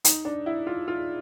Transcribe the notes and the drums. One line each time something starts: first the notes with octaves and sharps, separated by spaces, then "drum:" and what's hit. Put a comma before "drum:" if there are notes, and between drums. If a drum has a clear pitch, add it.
D#4, drum: hi-hat
D4
E4
F4
F4